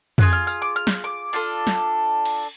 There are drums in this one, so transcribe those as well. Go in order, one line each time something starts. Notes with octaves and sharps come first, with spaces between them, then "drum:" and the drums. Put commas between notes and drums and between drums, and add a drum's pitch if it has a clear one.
B3 F4 G#4 F#6, drum: tom F2
F6
F6, drum: tambourine
D6
F6
drum: snare
D6
D4 F4 A4
drum: snare
drum: cymbal